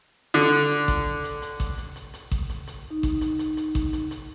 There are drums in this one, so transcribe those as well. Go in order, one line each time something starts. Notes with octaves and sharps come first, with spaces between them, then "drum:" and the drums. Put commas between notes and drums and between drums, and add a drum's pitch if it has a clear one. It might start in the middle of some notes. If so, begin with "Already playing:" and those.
D3, drum: hi-hat
drum: hi-hat
drum: hi-hat
drum: kick A1, hi-hat
drum: hi-hat
drum: hi-hat
drum: kick A1, hi-hat
drum: hi-hat
drum: hi-hat
drum: hi-hat
drum: kick A1, hi-hat
drum: hi-hat
drum: hi-hat
D#4
drum: kick A1, hi-hat
drum: hi-hat
drum: hi-hat
drum: hi-hat
drum: kick A1, hi-hat
drum: hi-hat
drum: hi-hat